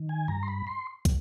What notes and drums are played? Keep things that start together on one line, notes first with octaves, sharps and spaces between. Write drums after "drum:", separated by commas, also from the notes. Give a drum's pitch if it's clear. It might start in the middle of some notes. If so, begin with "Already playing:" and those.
Already playing: D#3
G#5
G2 A#5
C6
B5
C6
drum: kick, hi-hat